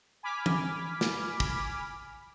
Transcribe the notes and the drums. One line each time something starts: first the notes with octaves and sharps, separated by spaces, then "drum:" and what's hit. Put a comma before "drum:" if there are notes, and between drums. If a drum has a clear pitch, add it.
G#5 B5 D6 F6 B6
drum: tom E3
drum: snare
drum: kick